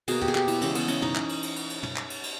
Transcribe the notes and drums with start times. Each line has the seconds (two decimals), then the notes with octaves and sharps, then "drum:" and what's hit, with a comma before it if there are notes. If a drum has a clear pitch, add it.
0.08 B2 A#3 G#4, drum: cymbal
0.21 G4, drum: tom
0.28 G#4
0.35 G4, drum: clap
0.48 E4, drum: cymbal
0.61 C#3 E3 G#3 B3 C#4, drum: cymbal
0.75 B3, drum: cymbal
0.88 C#4, drum: cymbal
1.02 D#4, drum: tom
1.16 drum: clap
1.29 drum: cymbal
1.43 drum: cymbal
1.56 drum: cymbal
1.70 drum: cymbal
1.83 drum: tom
1.96 drum: clap
2.10 drum: cymbal
2.23 drum: cymbal